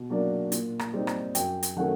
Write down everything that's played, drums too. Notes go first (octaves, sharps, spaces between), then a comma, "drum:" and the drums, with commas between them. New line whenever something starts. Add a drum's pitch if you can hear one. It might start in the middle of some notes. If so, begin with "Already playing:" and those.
Already playing: B2
F#3 A#3 D4
A#2, drum: hi-hat
drum: rim click
G3 C4 D#4
drum: rim click
F#2 G5, drum: hi-hat
drum: hi-hat
D#3 F#3 A3 C#4 F#5